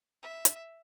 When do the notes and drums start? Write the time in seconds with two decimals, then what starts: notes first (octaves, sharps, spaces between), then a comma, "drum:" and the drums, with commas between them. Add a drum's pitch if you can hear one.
0.23 E5
0.45 drum: hi-hat